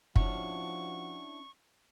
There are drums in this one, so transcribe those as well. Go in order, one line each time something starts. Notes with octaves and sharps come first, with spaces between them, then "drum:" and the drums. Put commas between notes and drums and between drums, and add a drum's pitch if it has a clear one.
F3 C#4 D4 E4 F#4 C#6, drum: kick